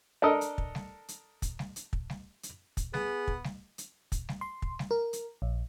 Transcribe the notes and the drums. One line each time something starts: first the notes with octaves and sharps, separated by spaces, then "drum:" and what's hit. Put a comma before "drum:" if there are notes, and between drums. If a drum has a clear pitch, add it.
D4 A4 A#4 D#5
drum: hi-hat
drum: kick
drum: snare G3
drum: hi-hat
drum: kick, hi-hat
drum: snare G3
drum: hi-hat
drum: kick
drum: snare G3
drum: hi-hat
drum: kick, hi-hat
B3 G#4, drum: snare G3
drum: kick
drum: snare G3
drum: hi-hat
drum: kick, hi-hat
drum: snare G3
C6
drum: kick
drum: snare G3
A#4
drum: hi-hat
A#1